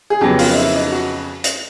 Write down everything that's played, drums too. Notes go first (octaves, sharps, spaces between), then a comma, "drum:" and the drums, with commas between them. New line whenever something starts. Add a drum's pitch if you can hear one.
G#4
F2 C#3 F#3 B3 G4
F4, drum: open hi-hat
D#4
E4
D#4
F#4
drum: hi-hat